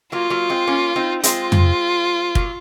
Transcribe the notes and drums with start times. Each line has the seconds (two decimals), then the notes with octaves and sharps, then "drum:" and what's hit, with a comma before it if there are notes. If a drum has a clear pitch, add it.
0.12 F#3 A#3 F4
0.30 F#3 A#3
0.49 G#3 C4
0.67 A#3 C#4
0.96 C4 D#4
1.23 G#3 C4 F4, drum: hi-hat
1.52 drum: tom
2.35 F#3 A#3, drum: kick